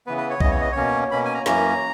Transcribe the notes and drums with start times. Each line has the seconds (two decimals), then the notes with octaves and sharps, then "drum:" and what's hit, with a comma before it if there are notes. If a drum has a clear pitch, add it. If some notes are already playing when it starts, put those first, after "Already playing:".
0.07 C#3 E3 B3 B4
0.18 B4
0.30 C#5
0.40 C#3 E3 B3 D#5, drum: kick B1
0.51 C#5
0.61 D#5
0.72 B2 A#3 C#4 C#5
1.11 B2 A#3 C#4 B5
1.25 G#5
1.34 A#5
1.46 F#2 E3 A#3 C#4 A#5, drum: snare